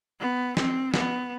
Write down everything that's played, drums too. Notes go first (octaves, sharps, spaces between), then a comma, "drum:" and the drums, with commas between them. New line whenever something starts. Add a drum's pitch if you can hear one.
B3
C4, drum: snare
B3, drum: snare